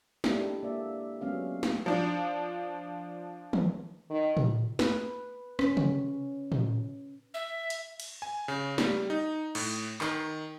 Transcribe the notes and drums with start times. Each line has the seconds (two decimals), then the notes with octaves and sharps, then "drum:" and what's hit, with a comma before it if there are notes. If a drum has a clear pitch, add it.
0.24 G#3 A#3 D4 E4 G4 A4, drum: snare
0.63 A#3 D5 E5
1.21 F#3 G#3 B3 C#4 F5
1.63 drum: snare
1.86 F3 D4
3.53 drum: tom D#3
4.10 D#3
4.37 drum: tom
4.79 B4, drum: snare
5.59 C#4, drum: rim click
5.77 drum: tom
6.52 drum: tom
7.34 E5
7.70 drum: hi-hat
8.00 drum: cymbal
8.22 G#5
8.48 C#3
8.78 G3, drum: snare
9.10 D#4
9.55 A2, drum: cymbal
10.01 D#3, drum: clap